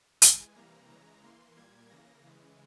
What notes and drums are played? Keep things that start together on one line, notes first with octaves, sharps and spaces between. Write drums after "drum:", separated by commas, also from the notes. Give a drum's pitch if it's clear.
E3 G#3 G#5, drum: hi-hat
C3 E3 G3 A#3 A#5
C#3 E3 G#3 A#5
E3 A#3 C6
A#2 G3 A#3 G#6
C#3 E3 A#3 A#6
C#3 E3 G#3